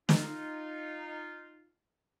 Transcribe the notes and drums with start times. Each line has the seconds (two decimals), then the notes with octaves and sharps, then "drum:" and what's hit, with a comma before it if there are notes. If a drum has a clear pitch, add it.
0.09 D#4 F4, drum: snare